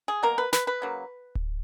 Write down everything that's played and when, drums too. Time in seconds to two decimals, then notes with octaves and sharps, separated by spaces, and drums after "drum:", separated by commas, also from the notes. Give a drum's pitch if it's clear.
0.08 G#4
0.23 B2 F#3 A#3 A#4
0.38 B4
0.53 B4, drum: snare
0.67 B4
0.82 C#3 F#3 A#3
1.35 drum: kick D1